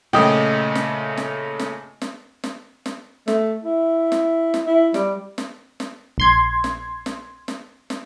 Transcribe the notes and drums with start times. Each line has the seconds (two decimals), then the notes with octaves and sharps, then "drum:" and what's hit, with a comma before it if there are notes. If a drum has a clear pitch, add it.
0.13 A#2 C#3 A3 D#5 G5
0.75 drum: snare
1.17 drum: snare
1.59 drum: snare
2.02 drum: snare
2.44 drum: snare
2.86 drum: snare
3.28 A3, drum: snare
3.64 E4
4.12 drum: snare
4.54 drum: snare
4.66 E4
4.94 G3, drum: snare
5.38 drum: snare
5.80 drum: snare
6.18 A#1 C6 G#6
6.64 drum: snare
7.06 drum: snare
7.48 drum: snare
7.90 drum: snare